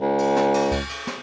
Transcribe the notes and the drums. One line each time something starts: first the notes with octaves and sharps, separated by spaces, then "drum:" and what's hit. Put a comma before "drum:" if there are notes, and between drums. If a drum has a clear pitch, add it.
C#2
drum: cymbal
drum: snare
drum: cymbal
drum: kick C#2, cymbal
drum: cymbal
drum: snare